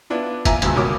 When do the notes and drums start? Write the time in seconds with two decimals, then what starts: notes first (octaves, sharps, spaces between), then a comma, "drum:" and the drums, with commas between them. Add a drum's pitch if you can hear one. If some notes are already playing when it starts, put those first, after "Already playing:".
0.10 B3 D4 E4 F4
0.45 F4 E5 G#5 A#5, drum: kick F1, hi-hat
0.62 D2 G2 B2 G#3 E6, drum: hi-hat
0.76 C#2 B2 A#4 C#5 D6 D#6